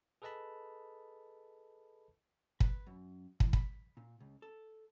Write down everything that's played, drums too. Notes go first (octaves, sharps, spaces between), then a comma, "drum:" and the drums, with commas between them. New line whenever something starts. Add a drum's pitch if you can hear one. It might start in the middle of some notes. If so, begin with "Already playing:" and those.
G#4 A4 B4 D#5 A5 B5
B4, drum: kick
F#2
E3, drum: kick
B5, drum: kick
A#2
C#2
A4